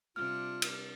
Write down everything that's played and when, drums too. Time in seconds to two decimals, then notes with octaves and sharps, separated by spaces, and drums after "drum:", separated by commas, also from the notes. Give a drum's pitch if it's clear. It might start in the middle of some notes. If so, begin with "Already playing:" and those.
0.16 C3 G3 D4 F4 F6
0.62 drum: cymbal